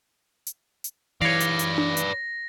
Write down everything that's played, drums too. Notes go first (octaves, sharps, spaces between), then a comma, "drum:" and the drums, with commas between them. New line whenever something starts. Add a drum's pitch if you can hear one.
drum: hi-hat
drum: hi-hat
E3 B4 C#5 D5 F5 A#6
drum: hi-hat
drum: hi-hat
drum: tom D4
drum: hi-hat